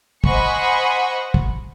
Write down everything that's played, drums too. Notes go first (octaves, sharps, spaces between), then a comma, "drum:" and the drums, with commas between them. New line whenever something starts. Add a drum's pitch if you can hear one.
C5 D#5 F#5 G#5 B5 C#6, drum: kick
drum: kick